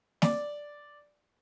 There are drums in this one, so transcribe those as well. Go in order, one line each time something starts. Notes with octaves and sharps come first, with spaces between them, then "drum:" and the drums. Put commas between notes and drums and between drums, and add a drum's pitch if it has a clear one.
D5, drum: snare